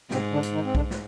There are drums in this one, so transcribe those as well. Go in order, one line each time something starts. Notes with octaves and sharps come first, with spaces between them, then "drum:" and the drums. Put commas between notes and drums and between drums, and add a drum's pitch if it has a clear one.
G#2 C3 C4, drum: snare
D3 D4
drum: hi-hat
D#3 D#4
C4
D3 D4, drum: kick B1
drum: snare